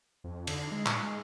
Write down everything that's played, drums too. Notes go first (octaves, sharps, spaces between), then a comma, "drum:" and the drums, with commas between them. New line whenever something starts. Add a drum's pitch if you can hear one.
F2
D3, drum: cymbal
G#3
A#2, drum: clap
G#3